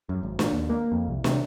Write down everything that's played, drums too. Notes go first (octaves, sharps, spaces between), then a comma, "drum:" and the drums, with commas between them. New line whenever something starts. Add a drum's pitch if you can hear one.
F#2
G#1
A#2, drum: snare
D#2
A#3
F2
C2
C3, drum: snare